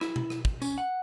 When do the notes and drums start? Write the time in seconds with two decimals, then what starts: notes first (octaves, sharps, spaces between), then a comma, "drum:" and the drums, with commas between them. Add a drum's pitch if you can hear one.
0.01 E4, drum: rim click
0.16 drum: tom B2
0.30 drum: rim click
0.45 drum: kick
0.62 C#4, drum: tambourine
0.78 F#5